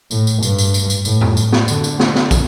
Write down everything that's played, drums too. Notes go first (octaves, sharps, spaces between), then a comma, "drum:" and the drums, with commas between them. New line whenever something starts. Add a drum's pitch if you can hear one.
A2, drum: tambourine
drum: tambourine
G2, drum: tambourine
drum: tambourine
drum: tambourine
drum: tambourine
A2, drum: tambourine
drum: tom F2
drum: tambourine
drum: snare
D3, drum: tambourine
drum: tambourine
drum: snare
drum: snare
drum: kick, tambourine